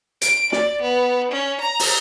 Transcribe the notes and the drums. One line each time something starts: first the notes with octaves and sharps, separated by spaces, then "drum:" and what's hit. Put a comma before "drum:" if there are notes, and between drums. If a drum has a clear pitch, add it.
D7, drum: hi-hat
D5, drum: snare
B3
C#4
A#5
drum: open hi-hat